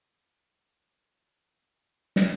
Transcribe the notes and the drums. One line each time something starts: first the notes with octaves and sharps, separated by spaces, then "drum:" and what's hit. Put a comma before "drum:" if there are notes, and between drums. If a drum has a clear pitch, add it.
G#1 F#2 D#3 G#3 B4
D#5
D#2 D#3 G#3 C#4 G#4 E5
F#5
A#1 A#2 A#3 E5
drum: snare